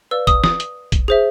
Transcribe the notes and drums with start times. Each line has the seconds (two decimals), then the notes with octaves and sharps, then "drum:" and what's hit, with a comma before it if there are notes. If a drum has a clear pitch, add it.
0.11 B4 D5 F5 E6
0.27 D#6, drum: kick A#1, hi-hat
0.44 D#6, drum: snare
0.60 drum: hi-hat
0.92 drum: kick A#1, hi-hat
1.08 G#4 C5 E5